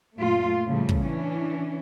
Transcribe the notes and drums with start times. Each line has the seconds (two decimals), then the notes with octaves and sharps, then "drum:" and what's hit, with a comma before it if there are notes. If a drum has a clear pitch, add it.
0.18 F#2 A#2 A3 F4
0.66 A2 C#3 F3 G3 A3
0.89 drum: kick
1.03 E3 C#4 D4